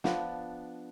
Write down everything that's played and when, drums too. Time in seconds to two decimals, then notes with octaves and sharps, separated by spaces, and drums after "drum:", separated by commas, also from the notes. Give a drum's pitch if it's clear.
0.04 F3 B3 D4, drum: snare